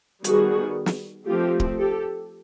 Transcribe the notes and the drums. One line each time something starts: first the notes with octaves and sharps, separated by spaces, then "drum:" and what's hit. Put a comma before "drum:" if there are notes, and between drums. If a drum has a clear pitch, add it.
D#3 G3 B3 F#4 G#4, drum: hi-hat
drum: snare
F3 A3 C4 F4 G4
drum: kick D1
G4 A4